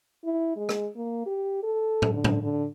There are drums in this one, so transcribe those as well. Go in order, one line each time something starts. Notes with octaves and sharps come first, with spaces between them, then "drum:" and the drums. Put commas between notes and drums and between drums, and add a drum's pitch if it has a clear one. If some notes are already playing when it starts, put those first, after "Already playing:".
E4
G#3
drum: rim click
A#3
G4
A4
drum: tom
D3
drum: tom
D3